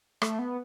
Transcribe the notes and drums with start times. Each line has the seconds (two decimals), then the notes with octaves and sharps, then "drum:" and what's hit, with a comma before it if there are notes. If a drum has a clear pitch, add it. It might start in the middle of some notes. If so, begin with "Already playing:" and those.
0.22 A3, drum: rim click
0.39 B3